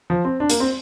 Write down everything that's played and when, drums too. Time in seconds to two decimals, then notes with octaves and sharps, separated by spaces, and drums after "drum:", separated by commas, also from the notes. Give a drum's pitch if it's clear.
0.10 F3
0.25 C4
0.40 D4
0.50 A#3, drum: hi-hat
0.60 C4